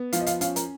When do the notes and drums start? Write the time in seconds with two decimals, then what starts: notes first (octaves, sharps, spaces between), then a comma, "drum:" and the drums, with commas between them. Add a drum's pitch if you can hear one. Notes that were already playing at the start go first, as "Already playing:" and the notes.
Already playing: B3
0.13 F3 F5, drum: hi-hat
0.21 D#5
0.26 F5, drum: hi-hat
0.41 C#4 F5, drum: hi-hat
0.56 A#4, drum: hi-hat